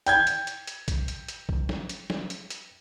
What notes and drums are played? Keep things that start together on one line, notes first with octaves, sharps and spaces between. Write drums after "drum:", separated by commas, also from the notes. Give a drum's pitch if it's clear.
G5 G6 G#6, drum: hi-hat
drum: hi-hat
drum: hi-hat
drum: hi-hat
drum: kick B1, hi-hat
drum: hi-hat
drum: hi-hat
drum: kick B1
drum: snare
drum: hi-hat
drum: snare
drum: hi-hat
drum: hi-hat